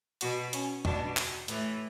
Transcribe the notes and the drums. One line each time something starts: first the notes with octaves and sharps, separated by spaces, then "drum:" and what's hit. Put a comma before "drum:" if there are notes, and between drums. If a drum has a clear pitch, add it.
B2 F#4, drum: hi-hat
C#4, drum: hi-hat
B2 D4, drum: tom E2
drum: clap
A2 E3, drum: hi-hat